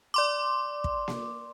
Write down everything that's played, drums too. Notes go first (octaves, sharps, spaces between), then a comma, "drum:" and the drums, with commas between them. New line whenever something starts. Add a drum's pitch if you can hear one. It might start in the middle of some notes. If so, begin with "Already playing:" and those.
D5 C6 D6
drum: kick
drum: snare A#3